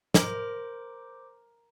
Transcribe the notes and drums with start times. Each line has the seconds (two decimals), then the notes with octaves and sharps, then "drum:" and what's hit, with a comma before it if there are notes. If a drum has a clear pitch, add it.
0.14 A#4 C5 D6, drum: snare